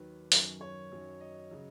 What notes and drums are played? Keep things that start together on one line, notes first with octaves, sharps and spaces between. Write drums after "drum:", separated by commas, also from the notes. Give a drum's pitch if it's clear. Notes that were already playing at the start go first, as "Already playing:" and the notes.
Already playing: D#2 D#3 F#3 B4
F#2 D#3 F#3, drum: open hi-hat
C#5
F#2 D#3 F#3
D#5
C#3 F#3